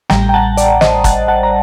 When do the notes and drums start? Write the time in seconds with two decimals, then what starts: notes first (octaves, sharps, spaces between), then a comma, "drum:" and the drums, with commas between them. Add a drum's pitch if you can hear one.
0.10 A1 A2 G3 G5 A#5, drum: snare
0.29 G5
0.34 F#5 A5
0.57 D5, drum: hi-hat
0.81 C5 D#5, drum: snare
1.04 F#5 A5, drum: kick, hi-hat
1.28 F#5 A5
1.43 A#5